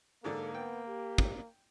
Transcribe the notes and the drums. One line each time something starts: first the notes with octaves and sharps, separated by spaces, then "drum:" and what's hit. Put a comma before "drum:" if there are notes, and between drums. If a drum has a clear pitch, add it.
G#2 D3 A#3 D4 A4
B3 G5
G4
drum: kick